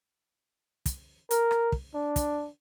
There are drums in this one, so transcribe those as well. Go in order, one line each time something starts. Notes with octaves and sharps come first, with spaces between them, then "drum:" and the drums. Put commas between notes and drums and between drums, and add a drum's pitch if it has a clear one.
drum: kick, hi-hat
A#4, drum: hi-hat
drum: rim click
drum: kick
D4
drum: kick, hi-hat